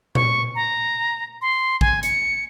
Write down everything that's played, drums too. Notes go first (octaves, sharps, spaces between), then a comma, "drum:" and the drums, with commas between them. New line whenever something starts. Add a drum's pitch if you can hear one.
C#6, drum: tom A#2
A#5
C6
G#5, drum: kick
C#7, drum: hi-hat